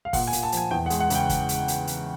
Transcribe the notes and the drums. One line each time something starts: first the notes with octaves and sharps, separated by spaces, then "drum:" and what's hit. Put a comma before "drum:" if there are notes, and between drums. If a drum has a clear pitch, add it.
F5
A#2 F#5, drum: kick, open hi-hat
G#5
A#2, drum: hi-hat
A5
F3, drum: hi-hat
G#5
E2 G5
F#5
G#3, drum: hi-hat
F#5
C#3 G5, drum: hi-hat
drum: kick, hi-hat
drum: hi-hat
drum: hi-hat
drum: hi-hat